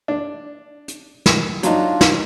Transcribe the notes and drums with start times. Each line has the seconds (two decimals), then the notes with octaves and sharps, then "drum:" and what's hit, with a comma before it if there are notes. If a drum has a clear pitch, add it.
0.08 D4
0.88 drum: hi-hat
1.26 drum: snare
1.63 F#3 D4 D#4 F4, drum: hi-hat
2.01 drum: snare